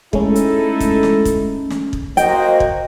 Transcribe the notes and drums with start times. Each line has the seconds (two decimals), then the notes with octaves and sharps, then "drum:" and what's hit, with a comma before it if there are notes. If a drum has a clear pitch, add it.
0.13 G#3 A3 C#4 D#4 E4 A4, drum: kick
0.35 drum: hi-hat
0.80 drum: kick, hi-hat
1.03 drum: snare
1.25 drum: kick, hi-hat
1.70 drum: snare
1.93 drum: kick
2.17 A#3 F#4 C5 D#5 G5, drum: hi-hat
2.60 drum: kick